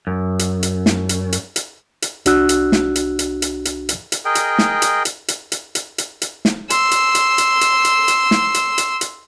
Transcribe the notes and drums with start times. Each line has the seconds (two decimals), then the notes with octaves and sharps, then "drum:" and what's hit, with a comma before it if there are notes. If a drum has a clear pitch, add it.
0.07 F#2
0.39 drum: hi-hat
0.63 drum: hi-hat
0.86 drum: snare
1.09 drum: hi-hat
1.32 drum: hi-hat
1.56 drum: hi-hat
2.02 drum: hi-hat
2.26 C2 D4 F#4 E6 F#6, drum: hi-hat
2.49 drum: hi-hat
2.72 drum: snare
2.96 drum: hi-hat
3.19 drum: hi-hat
3.42 drum: hi-hat
3.65 drum: hi-hat
3.89 drum: hi-hat
4.12 drum: hi-hat
4.25 G#4 A#4 D#5 G5
4.35 drum: hi-hat
4.59 drum: snare
4.82 drum: hi-hat
5.05 drum: hi-hat
5.28 drum: hi-hat
5.52 drum: hi-hat
5.75 drum: hi-hat
5.98 drum: hi-hat
6.22 drum: hi-hat
6.45 drum: snare
6.70 C6 E6, drum: hi-hat
6.91 drum: hi-hat
7.15 drum: hi-hat
7.38 drum: hi-hat
7.61 drum: hi-hat
7.85 drum: hi-hat
8.08 drum: hi-hat
8.31 drum: snare
8.54 drum: hi-hat
8.78 drum: hi-hat
9.01 drum: hi-hat